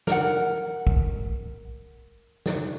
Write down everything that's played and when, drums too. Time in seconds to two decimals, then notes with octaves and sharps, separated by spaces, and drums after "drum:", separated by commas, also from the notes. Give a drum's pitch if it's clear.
0.07 A#4 F#5, drum: snare
0.87 drum: kick
2.46 drum: snare